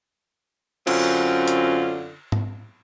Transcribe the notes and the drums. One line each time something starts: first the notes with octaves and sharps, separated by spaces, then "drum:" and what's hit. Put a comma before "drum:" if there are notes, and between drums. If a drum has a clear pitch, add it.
F#2 D3 C4 C#4 F4, drum: cymbal
drum: hi-hat
drum: tom G#2